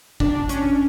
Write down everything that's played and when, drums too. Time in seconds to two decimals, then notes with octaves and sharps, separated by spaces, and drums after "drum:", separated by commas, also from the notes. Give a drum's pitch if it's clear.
0.20 D4, drum: kick
0.49 C#4, drum: hi-hat